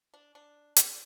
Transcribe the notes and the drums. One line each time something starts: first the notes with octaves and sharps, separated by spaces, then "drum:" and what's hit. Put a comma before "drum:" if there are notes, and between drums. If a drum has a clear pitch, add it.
D4
D4
D4, drum: hi-hat